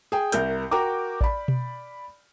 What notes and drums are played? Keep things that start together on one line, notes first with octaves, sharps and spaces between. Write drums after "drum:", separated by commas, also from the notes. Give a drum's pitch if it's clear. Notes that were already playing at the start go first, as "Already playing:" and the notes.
G#4 G5
C2 A#4 G6, drum: hi-hat
F#4 A#4 G5 A#5 D6
D5 B5, drum: kick A1
drum: tom B2